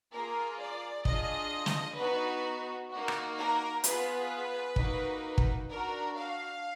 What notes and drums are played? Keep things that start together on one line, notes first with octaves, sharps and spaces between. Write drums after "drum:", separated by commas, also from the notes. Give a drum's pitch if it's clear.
A#3 F4 G#4 A#4
D5
D4 F4 G#4 D#5, drum: kick
drum: snare
B3 D#4 F#4 B4
A#3 D#4 F#4
drum: rim click
A#4
B3 F4 G#4 B4, drum: hi-hat
A#3 D#4 F#4, drum: kick
drum: kick
D4 F#4 A#4
F5